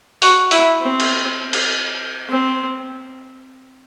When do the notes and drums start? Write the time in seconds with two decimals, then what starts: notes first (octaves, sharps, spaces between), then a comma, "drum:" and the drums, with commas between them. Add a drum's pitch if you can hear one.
0.22 F#4, drum: open hi-hat
0.51 E4, drum: open hi-hat
0.81 C4
1.00 drum: cymbal
1.53 drum: cymbal
2.29 C4